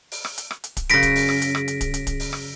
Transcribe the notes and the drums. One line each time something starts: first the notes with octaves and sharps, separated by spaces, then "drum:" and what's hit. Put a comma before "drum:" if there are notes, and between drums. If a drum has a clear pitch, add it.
drum: open hi-hat
drum: rim click
drum: hi-hat
drum: rim click
drum: hi-hat
drum: kick D1, hi-hat
F#2 C#3 A#6 B6 D7, drum: hi-hat
drum: kick D1, hi-hat
drum: open hi-hat
drum: rim click
drum: hi-hat
drum: rim click
drum: hi-hat
drum: kick D1, hi-hat
drum: hi-hat
drum: kick D1, hi-hat
drum: open hi-hat
drum: rim click